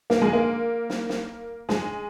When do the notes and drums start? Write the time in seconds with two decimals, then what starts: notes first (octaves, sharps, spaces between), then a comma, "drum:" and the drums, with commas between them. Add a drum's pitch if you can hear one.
0.10 A#3, drum: snare
0.22 G#3
0.33 A#3
0.90 drum: snare
1.09 drum: snare
1.69 G#3, drum: snare